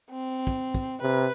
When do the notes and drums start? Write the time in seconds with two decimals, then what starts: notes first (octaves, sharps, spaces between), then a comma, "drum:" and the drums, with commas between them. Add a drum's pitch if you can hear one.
0.11 C4
0.47 drum: kick
0.74 drum: kick
1.02 C3 B4